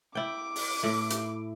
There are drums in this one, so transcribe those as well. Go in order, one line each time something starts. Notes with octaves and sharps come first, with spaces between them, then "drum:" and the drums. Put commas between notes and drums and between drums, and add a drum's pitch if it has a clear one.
E4 G5 D6
drum: open hi-hat
A2 E4
drum: hi-hat